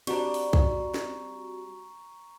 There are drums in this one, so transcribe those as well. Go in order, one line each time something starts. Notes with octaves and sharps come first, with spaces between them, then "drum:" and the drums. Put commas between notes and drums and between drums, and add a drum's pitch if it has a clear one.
G3 C4 D4 F#4 A#5 C#6, drum: cymbal
drum: open hi-hat
drum: kick B1
drum: snare